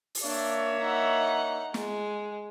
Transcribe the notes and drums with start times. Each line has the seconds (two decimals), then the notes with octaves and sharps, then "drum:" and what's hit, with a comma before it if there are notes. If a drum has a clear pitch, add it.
0.15 drum: open hi-hat
0.24 A#3 D4 C#5 E5
0.80 D#4 F#5
1.74 G#3, drum: snare